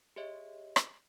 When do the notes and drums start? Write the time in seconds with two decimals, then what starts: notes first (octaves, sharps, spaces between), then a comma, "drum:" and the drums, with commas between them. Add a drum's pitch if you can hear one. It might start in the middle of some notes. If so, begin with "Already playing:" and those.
0.16 G4 G#4 C#5 D#5 E5
0.76 drum: rim click